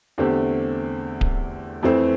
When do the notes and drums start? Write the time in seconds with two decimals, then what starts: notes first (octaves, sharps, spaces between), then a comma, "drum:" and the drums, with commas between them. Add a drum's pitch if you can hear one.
0.18 E2 D3 A3 C4 G4
1.21 drum: kick D1
1.83 F2 E3 A3 C4